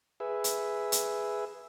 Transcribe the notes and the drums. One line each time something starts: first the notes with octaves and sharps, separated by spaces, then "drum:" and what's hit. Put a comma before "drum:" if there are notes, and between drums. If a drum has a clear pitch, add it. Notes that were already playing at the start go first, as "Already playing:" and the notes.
G#4 B4 E5
drum: hi-hat
drum: hi-hat